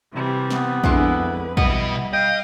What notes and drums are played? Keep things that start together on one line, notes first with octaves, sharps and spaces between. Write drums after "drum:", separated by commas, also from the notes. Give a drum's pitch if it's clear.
C3 E3 G3
B3, drum: snare
F2 D3 G#3 E4 B4, drum: kick
B2 G3 E4 D#5 F#5, drum: kick
D#5 F5 G5